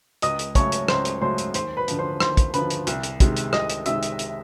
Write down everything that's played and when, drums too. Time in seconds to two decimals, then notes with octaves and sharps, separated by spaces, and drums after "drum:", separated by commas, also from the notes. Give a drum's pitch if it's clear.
0.22 C#2 D#5 D#6, drum: hi-hat
0.39 drum: hi-hat
0.55 C#3 F#3 A3 C#4 C#5 C#6, drum: kick, hi-hat
0.72 drum: hi-hat
0.88 C#2 C5 C6, drum: rim click
1.05 drum: hi-hat
1.21 C#3 F#3 A3 C#4 C5 C6
1.38 drum: hi-hat
1.54 D#2 C5 C6, drum: hi-hat
1.77 B4 B5
1.88 D3 F3, drum: hi-hat
1.99 C5 C6
2.20 D#2 C5 C6, drum: rim click
2.37 drum: kick, hi-hat
2.54 D3 F3 B4 B5, drum: hi-hat
2.70 drum: hi-hat
2.87 C2, drum: hi-hat
3.03 drum: hi-hat
3.20 C3 D#3 G#3, drum: kick, hi-hat
3.37 drum: hi-hat
3.53 C2 D#5 D#6, drum: rim click
3.70 drum: hi-hat
3.86 C3 D#3 G#3 E5 E6, drum: hi-hat
4.03 drum: hi-hat
4.19 drum: hi-hat